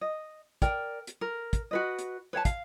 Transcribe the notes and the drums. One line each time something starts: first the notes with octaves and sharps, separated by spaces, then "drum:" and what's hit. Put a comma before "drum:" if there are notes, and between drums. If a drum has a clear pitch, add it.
D#5
A#4 D5 G5, drum: kick, hi-hat
drum: hi-hat
A#4
drum: kick, hi-hat
F#4 B4 D#5
drum: hi-hat
B4 C#5 F#5 A5
F5, drum: kick, hi-hat